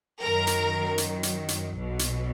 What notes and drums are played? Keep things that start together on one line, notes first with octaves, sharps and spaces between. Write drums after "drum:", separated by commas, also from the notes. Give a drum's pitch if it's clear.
F#2 D#3 F#3 A#4
drum: hi-hat
drum: hi-hat
drum: hi-hat
drum: hi-hat
B1 B2 F#3
drum: hi-hat